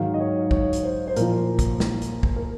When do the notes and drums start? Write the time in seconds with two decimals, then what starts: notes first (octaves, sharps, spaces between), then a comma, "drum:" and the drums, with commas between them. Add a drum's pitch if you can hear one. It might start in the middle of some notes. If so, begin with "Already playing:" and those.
Already playing: G#2 D#3 F#3 F5
0.14 D#5
0.20 C#5
0.51 C#5, drum: kick
0.73 drum: hi-hat
0.83 C5
1.07 C5
1.16 A#2 F3 A#4, drum: hi-hat
1.59 drum: kick, hi-hat
1.80 drum: snare
2.02 drum: hi-hat
2.23 drum: kick
2.36 A#4